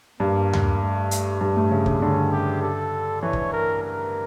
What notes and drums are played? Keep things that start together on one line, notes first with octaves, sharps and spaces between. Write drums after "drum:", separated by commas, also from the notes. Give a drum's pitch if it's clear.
G2 A#3
drum: tom D#2
A3
A3, drum: hi-hat
G2 A3
A2
C#3
C#3, drum: kick
D3 C#4
G4
A4
E3 C#5
drum: kick
A#4
A#4